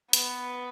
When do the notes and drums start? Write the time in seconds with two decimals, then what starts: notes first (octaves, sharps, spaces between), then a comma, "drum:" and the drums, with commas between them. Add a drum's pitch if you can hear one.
0.13 B3, drum: hi-hat